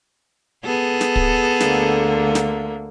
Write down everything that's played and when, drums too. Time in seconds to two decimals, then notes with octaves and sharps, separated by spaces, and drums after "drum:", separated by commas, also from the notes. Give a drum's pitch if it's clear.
0.65 B3 G#4 A4
1.01 drum: snare
1.16 drum: kick
1.60 D2 D3 A#3, drum: snare
2.35 drum: snare